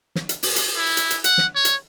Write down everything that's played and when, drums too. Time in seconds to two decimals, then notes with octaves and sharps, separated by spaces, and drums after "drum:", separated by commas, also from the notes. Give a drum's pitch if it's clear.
0.15 drum: snare
0.29 drum: hi-hat
0.43 drum: open hi-hat
0.56 drum: hi-hat
0.77 E4
0.97 drum: hi-hat
1.10 drum: hi-hat
1.24 F#5, drum: hi-hat
1.38 drum: snare
1.55 C#5
1.65 drum: hi-hat